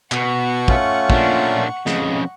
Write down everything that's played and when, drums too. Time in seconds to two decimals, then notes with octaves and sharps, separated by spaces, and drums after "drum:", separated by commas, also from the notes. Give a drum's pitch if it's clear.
0.12 B2 F#5 C#6, drum: clap
0.68 A3 C#4 F4, drum: kick
1.10 A#2 D4, drum: kick
1.86 F2 C#3 D#5, drum: snare